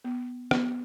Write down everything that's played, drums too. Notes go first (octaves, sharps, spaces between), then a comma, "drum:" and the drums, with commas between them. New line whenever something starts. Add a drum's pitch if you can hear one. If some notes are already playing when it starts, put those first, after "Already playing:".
B3
B3, drum: rim click